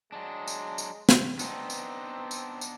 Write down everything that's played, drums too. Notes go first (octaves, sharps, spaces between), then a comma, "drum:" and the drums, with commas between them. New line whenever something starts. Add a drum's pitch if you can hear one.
F#3 G#3 D4
drum: tambourine
drum: tambourine
drum: snare
B3 C4 D4 D#4, drum: tambourine
drum: tambourine
drum: tambourine
drum: tambourine